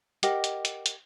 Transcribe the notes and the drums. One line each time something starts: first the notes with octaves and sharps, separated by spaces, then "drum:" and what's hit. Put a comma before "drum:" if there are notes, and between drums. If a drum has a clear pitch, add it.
G4 A#4 D#5 F#5, drum: hi-hat
drum: hi-hat
drum: hi-hat
drum: hi-hat